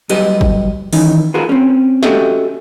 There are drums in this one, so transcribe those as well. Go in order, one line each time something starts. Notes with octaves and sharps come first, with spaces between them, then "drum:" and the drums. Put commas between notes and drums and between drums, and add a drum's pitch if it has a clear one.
F#3 G3 G4 B4 D#5, drum: cymbal
drum: kick
D#3 E3 C#4 D#4, drum: open hi-hat
F4 F#4 G#4 A#4 B4
C4 C#4
C#4 F#4 G4 A4 D#5 E5, drum: snare